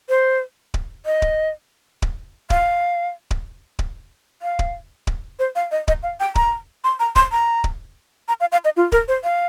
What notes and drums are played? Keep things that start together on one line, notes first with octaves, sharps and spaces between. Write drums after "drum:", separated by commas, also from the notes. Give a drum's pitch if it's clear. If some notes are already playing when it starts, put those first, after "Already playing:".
C5
drum: kick D1
D#5
drum: kick D1
drum: kick D1
F5, drum: kick D1
drum: kick D1
drum: kick D1
F5
drum: kick D1
drum: kick D1
C5
F5
D#5
D#5, drum: kick D1
F5
G5
A#5, drum: kick D1
C6
A#5
C6, drum: kick D1
A#5
drum: kick D1
A#5
F5
F5
D#5
F4
A#4, drum: kick D1
C5
F5